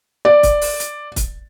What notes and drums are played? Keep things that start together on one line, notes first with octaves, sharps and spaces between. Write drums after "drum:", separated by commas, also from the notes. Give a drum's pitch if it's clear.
D5
drum: kick, hi-hat
drum: open hi-hat
drum: hi-hat
drum: kick, hi-hat